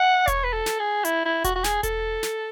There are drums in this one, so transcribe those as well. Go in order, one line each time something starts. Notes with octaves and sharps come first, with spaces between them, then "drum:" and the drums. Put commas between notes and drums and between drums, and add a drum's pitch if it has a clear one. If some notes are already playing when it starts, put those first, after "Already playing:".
Already playing: F#5
C#5, drum: kick E1, hi-hat
B4
A4
drum: snare
G#4
E4, drum: hi-hat
E4
F#4, drum: kick E1, hi-hat
F#4
G#4, drum: snare
A4, drum: kick E1, hi-hat
drum: snare